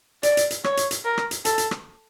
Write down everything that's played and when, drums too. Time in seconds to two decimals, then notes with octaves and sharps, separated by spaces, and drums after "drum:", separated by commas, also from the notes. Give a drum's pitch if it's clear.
0.23 D5, drum: hi-hat
0.37 drum: hi-hat
0.50 drum: hi-hat
0.64 C#5, drum: rim click
0.77 drum: hi-hat
0.91 drum: hi-hat
1.05 A#4
1.18 drum: rim click
1.31 drum: hi-hat
1.45 A4, drum: hi-hat
1.58 drum: hi-hat
1.71 drum: rim click